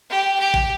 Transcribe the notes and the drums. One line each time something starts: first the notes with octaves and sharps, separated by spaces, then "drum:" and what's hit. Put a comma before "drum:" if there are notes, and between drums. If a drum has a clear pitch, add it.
G4
G4
drum: kick